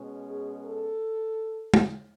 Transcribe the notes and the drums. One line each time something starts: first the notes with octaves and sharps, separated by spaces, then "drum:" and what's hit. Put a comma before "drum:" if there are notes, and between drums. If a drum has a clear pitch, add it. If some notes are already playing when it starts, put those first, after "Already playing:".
Already playing: B2 G#3 C#4
G#4
A4
drum: tom